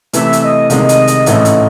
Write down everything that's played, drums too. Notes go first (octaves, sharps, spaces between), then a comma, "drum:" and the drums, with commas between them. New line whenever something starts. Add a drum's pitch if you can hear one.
C3 E3 A3 E5, drum: hi-hat
drum: hi-hat
D#5
C2 C3 D#3 G#3 D#4 D#5, drum: hi-hat
drum: hi-hat
drum: hi-hat
A1 G#2 E3 A3 D#4 E5, drum: hi-hat
drum: hi-hat